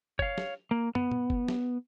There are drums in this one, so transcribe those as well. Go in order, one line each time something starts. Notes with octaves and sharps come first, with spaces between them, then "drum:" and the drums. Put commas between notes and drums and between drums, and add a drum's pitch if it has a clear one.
C#5 F5, drum: kick
drum: snare
A#3
B3, drum: tom
drum: tom A#2
drum: kick
drum: snare